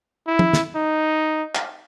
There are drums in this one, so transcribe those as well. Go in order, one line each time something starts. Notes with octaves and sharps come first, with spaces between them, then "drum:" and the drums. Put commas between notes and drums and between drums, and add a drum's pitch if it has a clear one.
E4
drum: tom
drum: snare
D#4
drum: clap